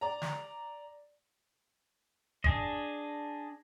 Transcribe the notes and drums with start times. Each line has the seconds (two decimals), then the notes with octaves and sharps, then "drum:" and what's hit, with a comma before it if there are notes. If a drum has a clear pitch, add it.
0.01 D5 A#5
0.22 drum: snare
2.44 D4 G#4 D#5, drum: kick F#1